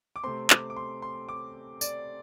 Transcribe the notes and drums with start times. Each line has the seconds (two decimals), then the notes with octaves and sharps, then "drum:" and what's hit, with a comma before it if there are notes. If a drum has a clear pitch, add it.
0.16 D6
0.24 C3 A3 C4 C6
0.50 D6, drum: clap
0.70 D6
0.77 C6
1.02 C6
1.29 D6
1.81 D5, drum: tambourine